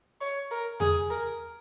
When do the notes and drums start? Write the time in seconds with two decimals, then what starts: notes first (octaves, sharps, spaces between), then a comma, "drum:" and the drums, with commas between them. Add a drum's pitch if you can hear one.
0.21 C#5
0.51 A#4
0.80 G#4, drum: tom E2
1.10 A#4